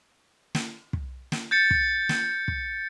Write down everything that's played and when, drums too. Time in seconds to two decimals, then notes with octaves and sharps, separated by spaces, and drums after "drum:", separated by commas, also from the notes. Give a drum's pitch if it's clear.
0.55 drum: snare
0.93 drum: kick
1.32 drum: snare
1.51 G6 A6 C#7
1.71 drum: kick
2.09 drum: snare
2.48 drum: kick